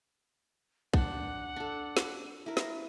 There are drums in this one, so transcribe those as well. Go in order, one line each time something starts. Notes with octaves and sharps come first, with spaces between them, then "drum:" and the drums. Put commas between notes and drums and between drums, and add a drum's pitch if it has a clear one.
D4 C5 F#5, drum: kick
D4 A4
drum: snare
E4 A#4
drum: snare